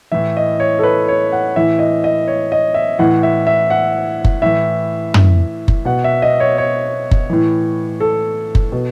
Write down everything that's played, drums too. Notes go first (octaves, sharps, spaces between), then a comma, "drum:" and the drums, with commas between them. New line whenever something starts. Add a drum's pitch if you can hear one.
A2 E3 E5
D#5
C#5
A4
B4
C#5
F#5
A2 E3 E5
D#5
D#5
C#5
D#5
E5
A2 E3 F#5
E5
E5
F#5
drum: kick F#1
A2 E3 E5
drum: tom
drum: kick F#1
B2 F#5
E5
D#5
C#5
C#5
drum: kick F#1
A2 E3
A4
drum: kick F#1
B2